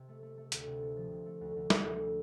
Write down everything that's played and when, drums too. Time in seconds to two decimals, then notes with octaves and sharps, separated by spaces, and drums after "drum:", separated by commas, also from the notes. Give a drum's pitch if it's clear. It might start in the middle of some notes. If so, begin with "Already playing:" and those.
Already playing: C3
0.09 A3
0.23 A3
0.37 A3
0.52 D2, drum: hi-hat
0.67 C3
0.82 A3
0.97 F3
1.11 C3
1.26 A3
1.41 D2
1.56 D2
1.70 D2, drum: snare
1.86 D2
2.00 A3